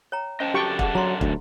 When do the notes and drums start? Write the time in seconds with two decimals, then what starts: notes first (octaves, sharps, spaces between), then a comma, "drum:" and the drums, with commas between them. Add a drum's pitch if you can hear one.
0.12 C#5 G5 A#5
0.40 C#4 C5 D#5 G5 A5
0.54 F#2 D4 F#4 G4 A4 G5 C#6
0.79 G#4 F#5, drum: kick
0.95 F#3 A#5 C6
1.21 D2, drum: kick